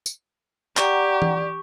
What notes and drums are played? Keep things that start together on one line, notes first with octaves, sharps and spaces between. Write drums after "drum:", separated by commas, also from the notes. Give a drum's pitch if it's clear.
drum: tambourine
G4 D5 F#5 G5 A#5 C#6, drum: clap
drum: tom E3